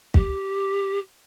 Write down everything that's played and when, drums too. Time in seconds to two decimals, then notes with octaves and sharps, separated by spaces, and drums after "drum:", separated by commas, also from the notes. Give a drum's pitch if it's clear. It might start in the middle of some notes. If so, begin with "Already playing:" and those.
0.14 G4, drum: kick